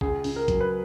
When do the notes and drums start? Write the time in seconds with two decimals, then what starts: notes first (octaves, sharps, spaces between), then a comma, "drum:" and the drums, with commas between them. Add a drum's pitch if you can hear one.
0.01 C#2 G#4, drum: kick
0.24 C#2, drum: open hi-hat
0.36 A#4
0.48 F#3, drum: kick, hi-hat
0.61 B4